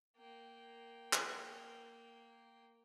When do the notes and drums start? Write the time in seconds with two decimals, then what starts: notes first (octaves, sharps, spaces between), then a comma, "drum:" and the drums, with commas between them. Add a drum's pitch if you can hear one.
0.16 A#3 G5
1.13 drum: clap